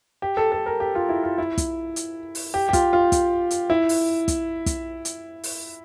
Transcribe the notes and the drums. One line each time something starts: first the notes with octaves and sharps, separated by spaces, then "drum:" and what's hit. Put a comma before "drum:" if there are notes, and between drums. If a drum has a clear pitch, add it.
G4
A4
A4
A#4
G4
F4
E4
F4
E4
drum: kick, hi-hat
drum: hi-hat
drum: open hi-hat
G4
G4
F4, drum: kick, hi-hat
F4
drum: kick, hi-hat
drum: hi-hat
E4
drum: open hi-hat
drum: kick, hi-hat
drum: kick, hi-hat
drum: hi-hat
drum: open hi-hat